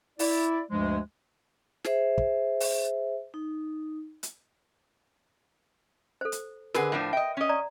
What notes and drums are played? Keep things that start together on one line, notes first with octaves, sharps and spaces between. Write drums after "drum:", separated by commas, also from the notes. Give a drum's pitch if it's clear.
E4 D5, drum: open hi-hat
D2 G2 F3 G#3
G#4 C5 E5, drum: snare
drum: kick
drum: open hi-hat
D#4
drum: hi-hat
A4 C5
drum: hi-hat
D3 G#4 A#4 B4 F#5, drum: snare
A2 F3 D4
D#5 E5 G5
C#4 D#5
D5 A#5